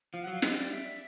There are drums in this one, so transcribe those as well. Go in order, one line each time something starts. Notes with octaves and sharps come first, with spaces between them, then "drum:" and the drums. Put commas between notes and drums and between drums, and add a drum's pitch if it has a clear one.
F3 F5
F#3 F#5
F5
G3 D#5, drum: snare
D5
E5